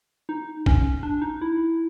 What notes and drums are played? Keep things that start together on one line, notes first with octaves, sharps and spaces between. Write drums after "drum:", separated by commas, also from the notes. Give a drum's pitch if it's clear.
D#4
C#4, drum: kick A1
D4
D#4
E4